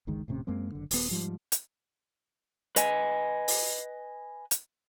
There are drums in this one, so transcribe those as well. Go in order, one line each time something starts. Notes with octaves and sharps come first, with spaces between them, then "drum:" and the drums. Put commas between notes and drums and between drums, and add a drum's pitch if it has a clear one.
G1 C#2 D#3 G#3
D#1 A2 C3 C#4
F#2 G#3 A#3 C4
F#1 D3
D#1 B3, drum: open hi-hat
G#2 F3 G3
drum: hi-hat
B4 D#5 G#5, drum: hi-hat
drum: open hi-hat
drum: hi-hat